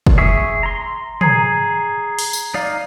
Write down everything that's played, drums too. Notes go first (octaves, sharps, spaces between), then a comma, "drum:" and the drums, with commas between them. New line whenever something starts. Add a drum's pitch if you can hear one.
drum: kick
G#4 E5 C#6
A#5 C6
G#4 A#5 G#6 C7, drum: tom
drum: open hi-hat
drum: tambourine
D#4 D5 F5